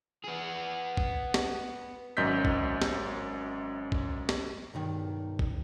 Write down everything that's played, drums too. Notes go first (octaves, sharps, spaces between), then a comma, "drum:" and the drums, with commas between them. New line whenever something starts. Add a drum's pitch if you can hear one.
B3 G#4
drum: kick
drum: snare
G#1 F#2 D#5 G6 B6
drum: kick
drum: snare
drum: kick
drum: snare
B1 G2 D#3
drum: kick